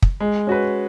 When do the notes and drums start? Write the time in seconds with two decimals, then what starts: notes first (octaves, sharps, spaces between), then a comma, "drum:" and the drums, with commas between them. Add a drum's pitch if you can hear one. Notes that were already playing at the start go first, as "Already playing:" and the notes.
0.02 drum: kick
0.20 G#3
0.47 C#4 F#4 B4